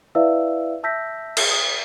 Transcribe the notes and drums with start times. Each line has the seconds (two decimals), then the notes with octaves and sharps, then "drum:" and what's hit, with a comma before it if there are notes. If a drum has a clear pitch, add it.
0.15 E4 B4 D5 E5 F5 E6
0.83 E5 A5 E6 G6 A#6 B6
1.37 drum: cymbal
1.50 D#6